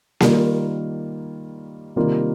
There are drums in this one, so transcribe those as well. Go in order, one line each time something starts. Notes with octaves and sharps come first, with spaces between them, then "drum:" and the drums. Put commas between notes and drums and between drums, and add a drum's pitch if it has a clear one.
D#3 G3 A#3 F4, drum: snare A#3
C3 D#3 G3 A#3 F4